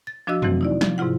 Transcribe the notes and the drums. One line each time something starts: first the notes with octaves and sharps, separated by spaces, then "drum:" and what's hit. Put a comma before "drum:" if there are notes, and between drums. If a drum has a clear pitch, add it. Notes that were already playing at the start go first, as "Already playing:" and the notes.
A6
F3 D4 F#4 D#5 E6
C3 E3 F#3 A3 C4 F#4, drum: tom
D#4 E4 D5
F3, drum: snare
G#2 C3 E4 F4 F#5